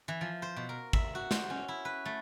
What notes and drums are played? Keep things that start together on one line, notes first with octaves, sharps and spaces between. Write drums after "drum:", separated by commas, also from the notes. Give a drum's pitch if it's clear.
E3
F3
C5
B2
A#4
E5, drum: kick G#1
F#4
C5, drum: snare
C#4
E4
B4
A3